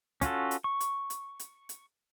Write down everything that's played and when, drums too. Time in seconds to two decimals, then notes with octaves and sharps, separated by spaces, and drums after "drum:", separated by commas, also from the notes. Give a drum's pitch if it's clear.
0.21 C#4 F4 F#4 A4, drum: kick, hi-hat
0.51 drum: hi-hat
0.64 C#6
0.80 drum: hi-hat
1.10 drum: hi-hat
1.39 drum: hi-hat
1.69 drum: hi-hat